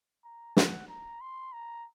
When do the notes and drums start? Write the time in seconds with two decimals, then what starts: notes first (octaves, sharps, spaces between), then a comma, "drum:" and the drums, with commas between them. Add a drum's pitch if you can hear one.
0.24 A#5
0.57 F#5, drum: snare
0.88 A#5
1.21 C6
1.53 A#5